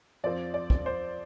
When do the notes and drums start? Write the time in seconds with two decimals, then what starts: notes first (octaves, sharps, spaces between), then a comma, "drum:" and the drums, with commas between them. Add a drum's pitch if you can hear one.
0.24 F2 F3 C4 D5
0.54 D5
0.70 drum: kick
0.86 C5